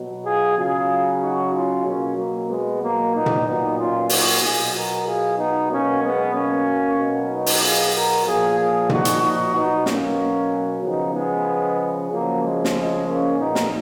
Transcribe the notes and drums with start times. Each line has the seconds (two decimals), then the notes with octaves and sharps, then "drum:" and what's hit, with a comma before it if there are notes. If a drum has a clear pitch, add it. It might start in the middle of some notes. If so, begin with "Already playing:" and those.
Already playing: B2 F#3
0.25 F4 G#4
0.57 C#3 F#3 F4 G#4
1.21 D#4 F#4
1.53 C#4 F4
1.86 B2 F#3 A#3 C#4
2.17 F#3 A#3
2.49 G#3 B3
2.81 F#3 A#3
3.13 A#2 F#3 B3 D#4
3.26 drum: tom
3.46 B3 D#4
3.78 C#4 F4
4.09 D#4 F#4, drum: open hi-hat
4.42 B2 F#3 F4 G#4
4.73 F#4 A#4
5.05 F4 G#4
5.38 B3 D#4
5.69 B2 F#3 A#3 C#4
6.02 G#3 B3
6.33 A#3 C#4
6.97 B2 F#3
7.29 B3 D#4
7.46 drum: open hi-hat
7.62 F4 G#4
7.94 F#4 A#4
8.25 A#2 F3 F4 G#4
8.58 F4 G#4
8.89 D#4 F#4, drum: tom
9.05 drum: hi-hat
9.21 D#4 F#4
9.54 B2 F#3 B3 D#4
9.86 A#3 C#4, drum: snare
10.82 C#3 F3 B3 D#4
11.13 G#3 B3
12.10 C#3 F3 F#3 A#3
12.42 G#3
12.65 drum: snare
12.74 G#3
13.06 A#3 C#4
13.38 A#2 F3 B3 D#4
13.55 drum: snare